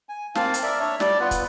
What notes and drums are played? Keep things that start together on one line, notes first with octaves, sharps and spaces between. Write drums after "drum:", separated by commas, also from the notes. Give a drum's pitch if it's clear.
G#5
A#3 C4 F5 A5, drum: snare
drum: hi-hat
A#4 D5 E5
D4 C#5 E5
G3 D5, drum: snare
B3 F4 B4 F#5
drum: kick, hi-hat